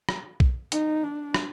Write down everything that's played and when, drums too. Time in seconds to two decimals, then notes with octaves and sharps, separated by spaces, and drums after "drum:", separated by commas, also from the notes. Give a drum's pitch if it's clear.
0.09 drum: rim click
0.40 drum: kick B1
0.72 D#4, drum: hi-hat
1.04 D4
1.34 drum: rim click